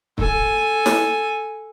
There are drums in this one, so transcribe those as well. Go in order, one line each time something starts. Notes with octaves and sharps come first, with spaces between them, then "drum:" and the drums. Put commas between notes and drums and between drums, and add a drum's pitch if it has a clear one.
A4 G#5, drum: kick
drum: snare